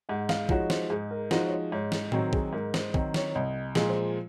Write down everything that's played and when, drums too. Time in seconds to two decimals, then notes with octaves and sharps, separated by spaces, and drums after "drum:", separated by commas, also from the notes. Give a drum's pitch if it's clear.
0.09 G#2 F#5
0.29 F5, drum: snare
0.49 F3 G#3 D#4 F#4 C#5, drum: kick
0.70 C5, drum: snare
0.90 G#2 G#4
1.11 A#4
1.31 F3 G#3 D#4 F#4 C5, drum: snare
1.46 C#5
1.52 D#5
1.72 G#2 C#5
1.92 G#4, drum: snare
2.12 D#3 F#3 C4 F#4, drum: tom A2
2.27 A#4
2.33 G#4, drum: kick
2.53 G#2 A#4
2.74 C5, drum: snare
2.94 D#3 F#3 C4, drum: kick
3.14 C#5, drum: snare
3.35 C2 D#5
3.75 A#2 F3 G#3, drum: snare
3.89 C5